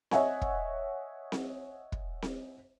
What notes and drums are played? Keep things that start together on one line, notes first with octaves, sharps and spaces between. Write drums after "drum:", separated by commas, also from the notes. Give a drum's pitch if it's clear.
C#5 D#5 E5 F#5 G#5 C#6, drum: snare C4
drum: kick
drum: snare C4
drum: kick
drum: snare C4